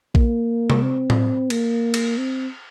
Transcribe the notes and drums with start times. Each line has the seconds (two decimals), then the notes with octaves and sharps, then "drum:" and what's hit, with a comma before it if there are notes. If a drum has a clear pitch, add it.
0.15 A#3, drum: kick A#1
0.70 drum: tom C3
0.82 C4
1.10 drum: tom A2
1.50 A#3, drum: cymbal
1.94 drum: cymbal
2.18 C4